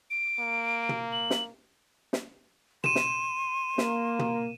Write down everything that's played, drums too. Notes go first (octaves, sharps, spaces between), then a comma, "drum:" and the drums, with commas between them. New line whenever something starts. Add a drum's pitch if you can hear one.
D7
A#3
drum: tom
F#7
drum: snare
drum: snare
C6 D#7 E7, drum: tom
drum: snare
A#3, drum: snare
drum: tom